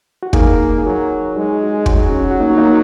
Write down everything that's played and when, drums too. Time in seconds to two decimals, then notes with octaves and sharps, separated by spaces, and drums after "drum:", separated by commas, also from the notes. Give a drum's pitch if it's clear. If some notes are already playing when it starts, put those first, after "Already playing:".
0.23 F#4
0.33 A#3 D#4 G#4, drum: kick
0.78 G#4
0.85 F#3 F#4 A#4
1.37 G#3 D#4 G#4
1.63 F#4
1.74 G#4
1.86 F#3 F#4, drum: kick
1.98 G#4
2.09 C#4 F#4
2.31 F#4
2.40 A#3 D#4
2.50 F#4
2.58 A#3 D#4